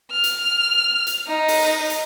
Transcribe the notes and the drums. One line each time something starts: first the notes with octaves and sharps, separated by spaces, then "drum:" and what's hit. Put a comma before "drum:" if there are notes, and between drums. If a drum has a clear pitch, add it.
F6
drum: hi-hat
drum: hi-hat
D#4
drum: open hi-hat
drum: hi-hat